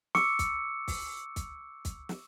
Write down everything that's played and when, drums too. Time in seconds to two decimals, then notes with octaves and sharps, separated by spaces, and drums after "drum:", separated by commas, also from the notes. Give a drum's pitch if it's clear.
0.15 C#6 D6 E6 C#7, drum: snare
0.39 drum: kick, hi-hat
0.88 drum: kick, open hi-hat
1.36 drum: kick, hi-hat
1.85 drum: kick, hi-hat
2.09 drum: snare